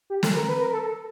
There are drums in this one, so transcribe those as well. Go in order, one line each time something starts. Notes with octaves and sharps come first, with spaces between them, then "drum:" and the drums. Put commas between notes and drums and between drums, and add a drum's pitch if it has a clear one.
G4
A4, drum: snare
A#4
B4
A#4
A4